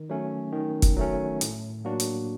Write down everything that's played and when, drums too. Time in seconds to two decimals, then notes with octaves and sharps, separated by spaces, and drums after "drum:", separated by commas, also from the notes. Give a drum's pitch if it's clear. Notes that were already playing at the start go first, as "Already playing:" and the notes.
Already playing: D#3
0.10 F#3 A3 C#4
0.52 D#3
0.82 drum: kick F1, hi-hat
0.96 F#3 A3 C#4
1.41 A2, drum: hi-hat
1.85 F#3 A#3 D4 F#4
2.00 drum: hi-hat